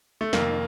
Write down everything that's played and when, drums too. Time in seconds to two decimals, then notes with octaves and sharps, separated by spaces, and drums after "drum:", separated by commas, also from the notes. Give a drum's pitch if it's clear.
0.21 A3
0.33 F1 F2 D#3 A#3, drum: snare